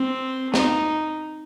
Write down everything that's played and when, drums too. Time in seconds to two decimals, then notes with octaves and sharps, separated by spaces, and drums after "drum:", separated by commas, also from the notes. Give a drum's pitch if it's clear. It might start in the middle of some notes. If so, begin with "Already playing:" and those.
Already playing: C4
0.54 D#4, drum: snare